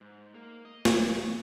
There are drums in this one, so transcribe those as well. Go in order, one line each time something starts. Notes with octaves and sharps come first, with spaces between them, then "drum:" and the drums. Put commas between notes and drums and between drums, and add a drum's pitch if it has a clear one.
G#2
A#3
D#5
drum: snare
E3